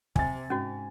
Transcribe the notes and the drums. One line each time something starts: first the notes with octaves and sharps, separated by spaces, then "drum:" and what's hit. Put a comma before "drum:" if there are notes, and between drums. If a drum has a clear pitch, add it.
C3 G#5 A6, drum: kick
G#2 C#4 F#4